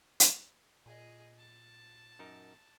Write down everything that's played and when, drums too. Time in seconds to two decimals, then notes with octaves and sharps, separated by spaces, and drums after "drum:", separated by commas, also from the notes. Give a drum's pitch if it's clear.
0.20 drum: hi-hat
0.86 A#2 G#4 D#5
1.39 A5
2.19 F#2 D#4 A#4